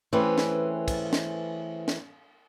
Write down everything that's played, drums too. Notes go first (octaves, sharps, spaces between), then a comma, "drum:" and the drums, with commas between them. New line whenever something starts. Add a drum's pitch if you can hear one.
E3 A3 C4 C#4 G#4 B4
drum: snare
drum: kick, cymbal
drum: snare
drum: snare